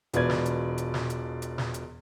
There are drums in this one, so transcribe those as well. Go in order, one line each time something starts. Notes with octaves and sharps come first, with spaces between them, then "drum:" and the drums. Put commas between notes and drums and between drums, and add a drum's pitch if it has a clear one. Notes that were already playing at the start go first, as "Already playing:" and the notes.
E1 B2 F4 B4 D5 G#6, drum: hi-hat
drum: snare
drum: hi-hat
drum: hi-hat
drum: snare
drum: hi-hat
drum: hi-hat
drum: snare
drum: hi-hat